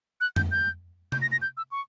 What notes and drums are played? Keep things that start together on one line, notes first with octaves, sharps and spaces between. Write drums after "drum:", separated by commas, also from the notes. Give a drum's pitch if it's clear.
F#6
G6, drum: tom F2
G6
G6, drum: tom C3
A#6
A#6
G6
E6
C#6